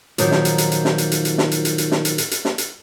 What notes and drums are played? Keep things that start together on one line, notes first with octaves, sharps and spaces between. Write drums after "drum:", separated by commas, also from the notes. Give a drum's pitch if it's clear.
A#2 D#3 F3 F#3, drum: hi-hat
drum: snare
drum: hi-hat
drum: hi-hat
drum: hi-hat
drum: snare
drum: hi-hat
drum: hi-hat
drum: hi-hat
drum: snare
drum: hi-hat
drum: hi-hat
drum: hi-hat
drum: snare
drum: hi-hat
drum: hi-hat
drum: hi-hat
drum: snare
drum: hi-hat